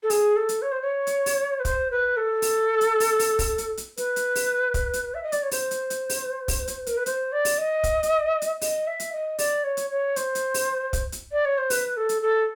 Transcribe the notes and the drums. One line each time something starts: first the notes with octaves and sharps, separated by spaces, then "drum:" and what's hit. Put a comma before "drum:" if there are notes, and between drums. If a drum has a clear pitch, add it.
A4
G#4, drum: open hi-hat
A4
drum: hi-hat
C#5
C5
C#5
drum: hi-hat
drum: open hi-hat
B4
C5, drum: kick, hi-hat
B4
A4
drum: open hi-hat
drum: hi-hat
drum: open hi-hat
drum: open hi-hat
drum: kick, open hi-hat
drum: hi-hat
drum: hi-hat
B4, drum: hi-hat
drum: hi-hat
drum: open hi-hat
drum: kick, hi-hat
drum: hi-hat
E5
D#5
D5, drum: hi-hat
C#5
C5, drum: open hi-hat
drum: hi-hat
drum: hi-hat
drum: open hi-hat
drum: kick, open hi-hat
drum: hi-hat
A#4, drum: hi-hat
B4
C5, drum: hi-hat
D5
drum: open hi-hat
D#5
drum: kick, hi-hat
drum: hi-hat
drum: hi-hat
D#5, drum: open hi-hat
E5
drum: hi-hat
D#5
D5, drum: open hi-hat
C#5
drum: hi-hat
C#5
C5, drum: hi-hat
drum: hi-hat
drum: open hi-hat
drum: kick, hi-hat
drum: hi-hat
D5
C#5
C5
B4, drum: open hi-hat
A4
drum: hi-hat
A4